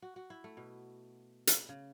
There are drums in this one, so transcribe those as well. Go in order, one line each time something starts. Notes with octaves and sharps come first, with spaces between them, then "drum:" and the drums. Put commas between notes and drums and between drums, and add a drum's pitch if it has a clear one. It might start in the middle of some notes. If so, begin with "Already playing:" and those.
F#4
F#4
E4
A3
B2
drum: hi-hat
C#3